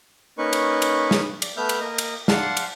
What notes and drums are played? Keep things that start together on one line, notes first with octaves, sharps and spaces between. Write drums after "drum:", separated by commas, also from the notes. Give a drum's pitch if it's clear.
A#3 C#4 D#4 B4 C#6
drum: cymbal
drum: cymbal
drum: snare
D5, drum: cymbal
A3 B3 E5 F6 G6
drum: cymbal
A#3 D#5
drum: cymbal
D5 F5 F#5 A5 C6, drum: snare
drum: cymbal